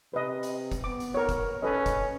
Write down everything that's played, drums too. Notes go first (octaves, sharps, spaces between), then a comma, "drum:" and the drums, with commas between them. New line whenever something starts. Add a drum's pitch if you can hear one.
C3 B4 D#5
drum: hi-hat
drum: kick, hi-hat
B3 D6
drum: hi-hat
A#4 C#5
drum: kick, hi-hat
C#4 A4 B4 D#5
drum: kick, hi-hat